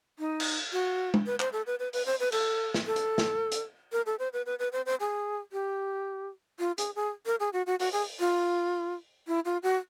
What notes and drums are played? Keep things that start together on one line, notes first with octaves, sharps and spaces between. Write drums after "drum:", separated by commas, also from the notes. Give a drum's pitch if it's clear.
D#4
drum: cymbal
F#4
drum: tom G#3
B4
C5, drum: clap
A4
B4
B4
B4, drum: open hi-hat
C5
B4
A4, drum: cymbal
drum: snare
A4
drum: hi-hat
drum: snare
drum: hi-hat
A#4
A4
C5
B4
B4
B4
C5
C5
G#4
G4
F4
G#4, drum: hi-hat
G#4
A#4
G#4
F#4
F#4
F#4, drum: open hi-hat
G#4
F4
E4
F4
F#4